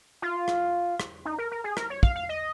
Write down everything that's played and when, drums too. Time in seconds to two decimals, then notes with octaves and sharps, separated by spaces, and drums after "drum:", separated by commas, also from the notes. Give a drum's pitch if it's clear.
0.22 F4
0.48 drum: rim click
1.00 drum: rim click
1.25 D#4
1.38 A#4
1.51 A#4
1.64 G#4
1.77 A#4, drum: rim click
1.90 C#5
2.03 F5, drum: kick
2.16 F5
2.29 D#5